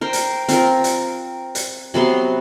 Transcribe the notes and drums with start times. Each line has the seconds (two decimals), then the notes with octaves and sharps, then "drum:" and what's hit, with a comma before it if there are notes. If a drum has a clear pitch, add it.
0.01 A#4 C5 G5
0.13 drum: hi-hat
0.48 C4 F4 A#4, drum: hi-hat
0.84 drum: hi-hat
1.55 drum: hi-hat
1.94 C3 F#3 B3 C6